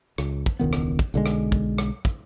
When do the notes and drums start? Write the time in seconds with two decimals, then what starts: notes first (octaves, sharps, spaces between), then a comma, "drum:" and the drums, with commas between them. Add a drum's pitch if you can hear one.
0.18 C#2, drum: rim click
0.46 drum: kick
0.59 E1 C#2 D#3 B3
0.73 drum: rim click
0.99 drum: kick
1.14 B1 D3 D#3 G#3
1.26 drum: rim click
1.52 drum: kick
1.78 drum: rim click
2.05 drum: kick